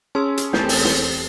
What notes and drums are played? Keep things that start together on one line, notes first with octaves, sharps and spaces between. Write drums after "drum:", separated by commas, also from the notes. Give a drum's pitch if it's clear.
C#4 G#4 A5 C6 E6
drum: hi-hat
E2 A3 C4 G4 A4 A#4 G6, drum: snare
drum: open hi-hat
drum: snare